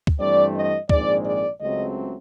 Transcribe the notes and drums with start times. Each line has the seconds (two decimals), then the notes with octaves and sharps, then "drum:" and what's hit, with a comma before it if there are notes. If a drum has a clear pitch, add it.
0.07 drum: kick
0.20 G2 E3 A3 C4 D5
0.54 D#5
0.89 A#1 G#2 D#3 G#3 C4 D5, drum: kick
1.24 D5
1.60 C#2 C#3 F#3 A3 C4 D#5